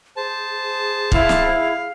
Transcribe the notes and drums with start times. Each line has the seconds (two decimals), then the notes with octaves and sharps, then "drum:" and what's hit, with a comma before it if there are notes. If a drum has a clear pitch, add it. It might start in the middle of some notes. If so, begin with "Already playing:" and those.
0.17 G#4 C5 A5
1.12 E4 F5, drum: kick
1.29 drum: snare